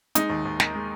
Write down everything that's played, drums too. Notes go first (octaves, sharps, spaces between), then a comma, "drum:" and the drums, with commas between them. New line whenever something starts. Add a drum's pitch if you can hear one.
G#3 D#4, drum: hi-hat
D#2
D#2
D#3, drum: snare
G#3